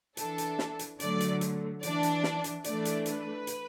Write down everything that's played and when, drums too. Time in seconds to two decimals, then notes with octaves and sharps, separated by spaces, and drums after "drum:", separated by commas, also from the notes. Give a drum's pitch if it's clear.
0.17 E3 D4 A4, drum: hi-hat
0.38 drum: hi-hat
0.59 drum: snare
0.79 drum: hi-hat
1.00 D3 F#3 A3 D5, drum: hi-hat
1.20 drum: hi-hat
1.41 drum: hi-hat
1.83 E3 D4 D5, drum: hi-hat
2.03 drum: hi-hat
2.23 drum: snare
2.44 drum: hi-hat
2.64 E3 A3 D4 D5, drum: hi-hat
2.85 drum: hi-hat
3.06 B4, drum: hi-hat
3.47 drum: hi-hat